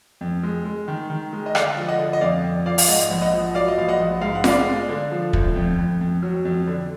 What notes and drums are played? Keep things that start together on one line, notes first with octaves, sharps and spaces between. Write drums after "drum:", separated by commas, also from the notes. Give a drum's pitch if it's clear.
F2
G#3
G#3
D#3
D#3
G#3
D#5
D3 D5 F5, drum: rim click
F3
D#5 F#5
D3
D#5
F2 D5 F5
F2
F3 D5 F5
F5, drum: open hi-hat
G#2 D#5 F#5
A#1
D#5 F#5
F3
F#3 D5 F5
D#5
A#1 F5
D#5 F#5
A#1
G#2 F5
F#5
G#3 D5 F5, drum: snare F4
G#3
D3
F3
D2, drum: kick
F2
F2
F2
F#3
F2
D3